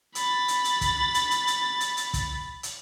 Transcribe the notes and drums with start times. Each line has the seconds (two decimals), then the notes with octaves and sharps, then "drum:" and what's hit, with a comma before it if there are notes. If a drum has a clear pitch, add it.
0.15 B5 A6, drum: hi-hat
0.48 drum: hi-hat
0.65 drum: hi-hat
0.81 drum: kick, hi-hat
1.14 drum: hi-hat
1.31 drum: hi-hat
1.47 drum: hi-hat
1.80 drum: hi-hat
1.97 drum: hi-hat
2.14 drum: kick, hi-hat
2.63 drum: hi-hat